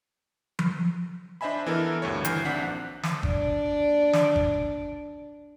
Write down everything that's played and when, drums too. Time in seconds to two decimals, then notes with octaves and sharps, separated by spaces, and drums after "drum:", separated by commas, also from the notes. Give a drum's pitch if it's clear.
0.59 drum: tom F3
1.41 D4 C5 D#5 E5 G#5 B5
1.66 E3 B3 E4 A4 A#4
2.02 D2 G2 C#5
2.25 D2 D#3 E3 G6 C7, drum: hi-hat
2.45 A#1 C4 D4 F#5 F#6 B6
3.03 drum: snare
3.23 D4 D5, drum: kick G1
4.13 drum: snare
4.36 drum: kick G1